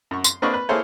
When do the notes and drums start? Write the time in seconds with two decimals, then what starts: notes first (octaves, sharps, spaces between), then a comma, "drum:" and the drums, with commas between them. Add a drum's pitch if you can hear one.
0.11 F#2 C#6
0.24 C6, drum: tambourine
0.42 A#3 C4 D4 B4 D#5 C#6
0.54 B4
0.69 A#3 E4 G#4 A4 C5 C#5